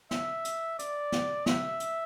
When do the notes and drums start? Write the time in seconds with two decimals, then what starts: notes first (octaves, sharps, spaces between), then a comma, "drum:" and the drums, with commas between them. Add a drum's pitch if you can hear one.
0.11 E5, drum: snare
0.45 drum: hi-hat
0.79 D5, drum: hi-hat
1.12 drum: snare
1.46 E5, drum: snare
1.80 drum: hi-hat